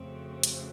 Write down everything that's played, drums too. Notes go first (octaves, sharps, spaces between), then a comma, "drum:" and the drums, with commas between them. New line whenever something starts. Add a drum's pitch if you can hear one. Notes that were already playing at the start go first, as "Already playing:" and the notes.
Already playing: F2 C#3 A3 C4
F#4
drum: hi-hat